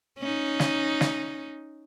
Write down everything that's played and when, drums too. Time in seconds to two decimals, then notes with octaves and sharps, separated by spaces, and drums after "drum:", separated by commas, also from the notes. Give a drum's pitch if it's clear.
0.18 C#4 D#4
0.60 drum: snare
1.01 drum: snare